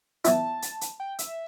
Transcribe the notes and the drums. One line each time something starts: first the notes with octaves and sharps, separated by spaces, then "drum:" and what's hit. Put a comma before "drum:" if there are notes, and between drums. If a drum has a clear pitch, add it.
E3 B3 E4 A5, drum: hi-hat
drum: hi-hat
drum: hi-hat
G5
E5, drum: hi-hat